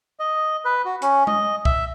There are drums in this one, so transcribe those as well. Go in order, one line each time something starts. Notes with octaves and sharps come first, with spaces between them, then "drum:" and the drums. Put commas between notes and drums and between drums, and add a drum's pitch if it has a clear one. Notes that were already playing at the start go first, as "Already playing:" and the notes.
D#5
B4
F#4
C#4, drum: hi-hat
D#5, drum: tom G#3
E5, drum: kick C2